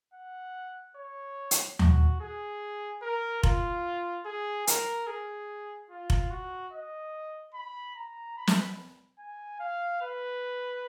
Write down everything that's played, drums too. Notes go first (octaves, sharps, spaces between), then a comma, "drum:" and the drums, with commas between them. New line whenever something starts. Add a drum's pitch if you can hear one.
F#5
C#5
drum: hi-hat
F#4, drum: tom D#2
G#4
A#4
F4, drum: kick F1
G#4
A#4, drum: hi-hat
G#4
F4
drum: kick F1
F#4
D#5
B5
A#5
B5
drum: snare
G#5
F5
B4